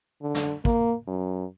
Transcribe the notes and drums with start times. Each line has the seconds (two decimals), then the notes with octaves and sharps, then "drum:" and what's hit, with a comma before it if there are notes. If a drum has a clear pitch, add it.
0.22 D3
0.34 drum: snare
0.65 A#3, drum: kick
1.07 F#2